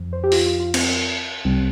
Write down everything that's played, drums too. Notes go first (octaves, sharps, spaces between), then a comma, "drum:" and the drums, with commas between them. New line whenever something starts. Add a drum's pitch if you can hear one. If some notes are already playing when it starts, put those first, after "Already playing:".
Already playing: F2 F3
C5
G4
F4, drum: open hi-hat
F4
F4
C4, drum: cymbal
C2 C3 G3 C4